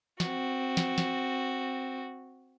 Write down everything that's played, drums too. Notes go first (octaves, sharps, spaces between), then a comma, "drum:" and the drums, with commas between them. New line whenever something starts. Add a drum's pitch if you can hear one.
C4 F#4, drum: snare
drum: snare
drum: snare